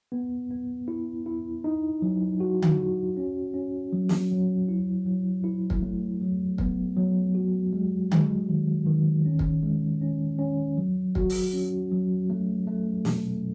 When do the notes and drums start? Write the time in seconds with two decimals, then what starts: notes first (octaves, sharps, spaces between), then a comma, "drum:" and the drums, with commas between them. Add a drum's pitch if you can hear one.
0.12 B3
0.51 B3
0.88 E4
1.26 E4
1.64 D#4
2.02 F#3
2.40 F#4
2.62 drum: tom D3
2.79 F#4
3.17 C#4
3.54 C#4
3.93 F#3
4.09 drum: snare
4.31 F#3
4.68 E4
5.06 F#3
5.44 E4
5.70 drum: kick
5.82 A3
6.21 F#3
6.58 B3, drum: kick
6.96 F#3
7.35 F#4
7.73 G#3
8.11 G#3, drum: tom D3
8.49 D#3
8.86 D#3
9.25 C#4
9.39 drum: kick
9.63 G#3
10.02 C#4
10.39 C#4
10.77 F#3
11.15 F#4, drum: kick
11.30 drum: open hi-hat
11.53 C#4
11.92 F#3
12.30 A3
12.67 A3
13.05 B2, drum: snare